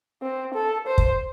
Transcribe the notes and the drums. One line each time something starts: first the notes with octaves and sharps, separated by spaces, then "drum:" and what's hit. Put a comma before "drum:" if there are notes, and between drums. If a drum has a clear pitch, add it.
C4
A4
C5
drum: kick